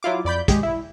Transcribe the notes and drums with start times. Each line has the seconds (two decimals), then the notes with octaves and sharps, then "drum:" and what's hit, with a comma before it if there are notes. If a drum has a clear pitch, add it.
0.03 F#3 E4 F4 D6
0.25 F2 D5 B5 G6
0.48 G#3 G4 G#4, drum: kick, hi-hat
0.63 E4